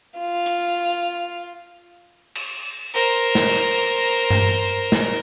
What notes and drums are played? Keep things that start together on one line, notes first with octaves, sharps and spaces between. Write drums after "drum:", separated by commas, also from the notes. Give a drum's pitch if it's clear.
F4
drum: hi-hat
drum: cymbal
A#4 C5
drum: snare
drum: cymbal
drum: tom G2
drum: snare